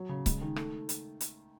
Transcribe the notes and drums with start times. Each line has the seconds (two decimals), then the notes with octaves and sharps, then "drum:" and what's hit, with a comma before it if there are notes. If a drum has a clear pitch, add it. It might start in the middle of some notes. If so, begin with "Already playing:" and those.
Already playing: F#3
0.09 C#3
0.26 G#3, drum: kick C#1, hi-hat
0.41 D#3
0.56 A3, drum: rim click
0.89 drum: hi-hat
1.21 drum: hi-hat